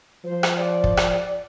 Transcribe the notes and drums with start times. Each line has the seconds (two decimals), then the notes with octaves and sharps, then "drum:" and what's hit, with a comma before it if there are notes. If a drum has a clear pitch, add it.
0.24 F3 C5
0.43 drum: rim click
0.57 D5
0.84 drum: kick
0.97 drum: rim click